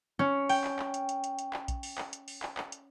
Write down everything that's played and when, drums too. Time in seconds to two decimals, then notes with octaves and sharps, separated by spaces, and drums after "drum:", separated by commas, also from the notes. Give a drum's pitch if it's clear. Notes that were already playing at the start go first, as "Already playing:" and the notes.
0.19 C#4
0.49 G5, drum: open hi-hat
0.64 drum: clap
0.79 drum: clap
0.94 drum: hi-hat
1.09 drum: hi-hat
1.24 drum: hi-hat
1.39 drum: hi-hat
1.53 drum: clap
1.68 drum: kick A#1, hi-hat
1.83 drum: open hi-hat
1.98 drum: clap
2.13 drum: hi-hat
2.28 drum: open hi-hat
2.43 drum: clap
2.57 drum: clap
2.72 drum: hi-hat